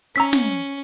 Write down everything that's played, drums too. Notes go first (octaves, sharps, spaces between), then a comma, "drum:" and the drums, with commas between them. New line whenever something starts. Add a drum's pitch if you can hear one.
C#4 A#5 E6 B6
drum: snare